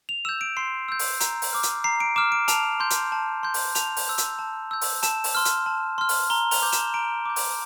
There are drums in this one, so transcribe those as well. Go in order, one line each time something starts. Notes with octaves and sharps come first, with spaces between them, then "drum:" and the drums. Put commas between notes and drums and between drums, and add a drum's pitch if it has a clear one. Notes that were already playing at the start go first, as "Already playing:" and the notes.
F7
E6 G6 E7
D7
C6 C7
E6 G6
drum: open hi-hat
A#5, drum: hi-hat
drum: open hi-hat
D6 F6
drum: hi-hat
A#5 C7
D7
D6 F6 E7
D7
A5 F7, drum: hi-hat
C6 G6
drum: hi-hat
A5
C6 G6
drum: open hi-hat
A5 F7, drum: hi-hat
drum: open hi-hat
E6 G6
drum: hi-hat
A5
E6 G6
drum: open hi-hat
A5 E7, drum: hi-hat
drum: open hi-hat
C6 F6
drum: hi-hat
A5
C6 F6
drum: open hi-hat
A#5 G7
F7, drum: open hi-hat
D6 G6
E7, drum: hi-hat
A#5 D7
D6 G6
drum: open hi-hat